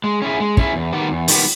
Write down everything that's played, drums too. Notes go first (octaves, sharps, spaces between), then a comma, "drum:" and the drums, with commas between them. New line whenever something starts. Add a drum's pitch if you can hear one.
G#3
C#4 E4 G#4
G#3
C#4 E4 G#4, drum: kick
E2
D#3 G3 B3 G4
E2
D#3 G3 B3 G4, drum: open hi-hat